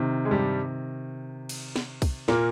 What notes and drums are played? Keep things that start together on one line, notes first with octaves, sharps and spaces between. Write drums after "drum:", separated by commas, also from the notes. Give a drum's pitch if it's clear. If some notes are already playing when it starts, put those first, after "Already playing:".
Already playing: C3 D#3
G#3
G2 G3
drum: cymbal
drum: snare
drum: kick B1, cymbal
A#2 A#3, drum: snare